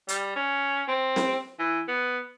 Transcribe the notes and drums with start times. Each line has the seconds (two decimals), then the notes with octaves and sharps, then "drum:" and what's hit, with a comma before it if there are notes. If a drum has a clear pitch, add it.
0.09 G3, drum: hi-hat
0.36 C#4
0.88 C4
1.16 drum: snare C4
1.59 E3
1.88 B3